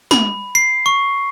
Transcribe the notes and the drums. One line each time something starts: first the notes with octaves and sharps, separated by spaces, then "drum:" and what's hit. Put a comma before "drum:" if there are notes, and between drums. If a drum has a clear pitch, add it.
B5, drum: snare
C7
C#6